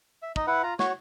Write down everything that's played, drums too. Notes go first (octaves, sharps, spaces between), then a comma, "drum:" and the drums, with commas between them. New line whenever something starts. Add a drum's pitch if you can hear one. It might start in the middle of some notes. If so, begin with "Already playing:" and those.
E5
D#4 D#5, drum: kick
E4 B4 F#5
F4 A#5
F#4 C#5, drum: snare